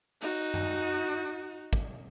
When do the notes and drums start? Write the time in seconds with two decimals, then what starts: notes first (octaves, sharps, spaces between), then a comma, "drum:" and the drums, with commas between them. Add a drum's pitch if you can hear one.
0.21 D#4 F#4, drum: open hi-hat
0.54 drum: tom F#2
1.73 drum: kick